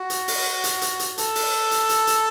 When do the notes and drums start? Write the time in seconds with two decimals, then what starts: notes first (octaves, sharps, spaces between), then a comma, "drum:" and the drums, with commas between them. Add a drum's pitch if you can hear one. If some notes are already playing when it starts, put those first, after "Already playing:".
Already playing: F#4
0.10 drum: hi-hat
0.28 drum: open hi-hat
0.64 drum: hi-hat
0.81 drum: hi-hat
0.99 drum: hi-hat
1.18 A4, drum: hi-hat
1.35 drum: open hi-hat
1.71 drum: hi-hat
1.89 drum: hi-hat
2.07 drum: hi-hat